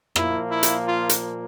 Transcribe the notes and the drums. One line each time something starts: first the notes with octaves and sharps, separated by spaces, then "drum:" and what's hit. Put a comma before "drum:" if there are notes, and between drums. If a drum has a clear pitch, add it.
A#2 F3 A#3 E4, drum: rim click
E4
drum: hi-hat
F4
drum: hi-hat